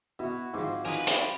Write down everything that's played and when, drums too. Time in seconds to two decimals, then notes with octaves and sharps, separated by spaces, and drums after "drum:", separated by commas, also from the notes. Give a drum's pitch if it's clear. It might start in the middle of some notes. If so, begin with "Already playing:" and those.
0.19 B2 E4 F#4
0.54 G#2 F3 C4 D6
0.85 F3 D#4 A#4 B4 G#5
1.07 G5 B5, drum: hi-hat